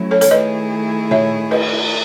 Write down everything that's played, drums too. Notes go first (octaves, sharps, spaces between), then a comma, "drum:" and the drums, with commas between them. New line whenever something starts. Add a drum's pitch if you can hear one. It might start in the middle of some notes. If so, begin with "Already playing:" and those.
Already playing: F#3 A3 C#4 E4
A4 C#5
A4 C#5, drum: hi-hat
D#3 A3 E4 G#4 B4 D#5
C#5 E5, drum: tom A#2
B4 D#5, drum: cymbal